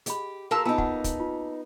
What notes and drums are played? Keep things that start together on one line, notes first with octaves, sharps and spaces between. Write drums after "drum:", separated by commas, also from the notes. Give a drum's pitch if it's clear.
G4 G#4 D#5 B5, drum: hi-hat
A#3 F#4 G#4 A#4 F5 A5 E6
B3 D#4 F4 D#5 G#5
F#5, drum: kick
drum: kick, hi-hat
F4